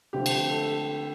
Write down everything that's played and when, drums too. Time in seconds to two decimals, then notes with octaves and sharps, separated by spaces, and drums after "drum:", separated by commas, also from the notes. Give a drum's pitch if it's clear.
0.13 D3 F3 A3 C4 G4
0.26 drum: cymbal
0.49 A4